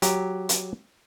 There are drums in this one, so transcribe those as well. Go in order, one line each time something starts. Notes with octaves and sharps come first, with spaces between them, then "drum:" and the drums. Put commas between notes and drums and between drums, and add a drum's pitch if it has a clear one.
F#3 G4 A#5, drum: hi-hat
drum: hi-hat